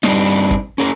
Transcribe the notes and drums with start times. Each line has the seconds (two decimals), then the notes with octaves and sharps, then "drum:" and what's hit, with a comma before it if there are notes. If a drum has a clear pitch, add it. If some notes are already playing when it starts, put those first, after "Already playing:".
0.03 G2 G3 C4 D4 D#4, drum: snare
0.27 drum: hi-hat
0.51 drum: kick
0.78 C#4 G#4 A#4